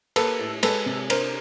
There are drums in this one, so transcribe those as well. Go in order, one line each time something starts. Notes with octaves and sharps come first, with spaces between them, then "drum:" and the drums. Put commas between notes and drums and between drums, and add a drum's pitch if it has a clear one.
A#3 A4 B4, drum: cymbal
A2
G#3 A4 B4, drum: cymbal
C3
D4 A#4 C5, drum: cymbal